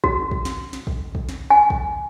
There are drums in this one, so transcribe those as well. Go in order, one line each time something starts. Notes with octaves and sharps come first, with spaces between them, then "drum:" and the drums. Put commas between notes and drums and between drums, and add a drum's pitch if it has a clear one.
F#4, drum: kick
drum: kick
drum: snare
drum: snare
drum: kick
drum: kick
drum: snare
G#5
drum: kick